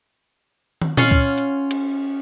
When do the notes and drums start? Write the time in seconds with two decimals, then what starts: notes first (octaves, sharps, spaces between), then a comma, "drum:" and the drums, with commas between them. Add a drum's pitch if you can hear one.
0.82 drum: tom
0.97 C#4 F4 F5 F#5, drum: tom A#2
1.11 drum: kick C#2
1.38 drum: hi-hat
1.71 drum: cymbal